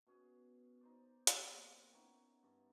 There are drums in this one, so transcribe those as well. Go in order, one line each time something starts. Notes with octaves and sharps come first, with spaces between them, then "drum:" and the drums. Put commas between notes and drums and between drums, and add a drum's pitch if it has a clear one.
B2 C#4 G#4
D#4 C5 D5
drum: hi-hat
A#2 C4 C6 D6
B3 C#4 D#4 E4
G2 C#4